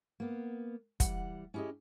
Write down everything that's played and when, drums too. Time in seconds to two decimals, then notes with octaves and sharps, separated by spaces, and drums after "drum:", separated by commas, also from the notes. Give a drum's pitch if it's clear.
0.20 A#3 B3
1.00 E3 G3 F#5, drum: kick, hi-hat
1.54 C#4 E4 G4 G#4 D#5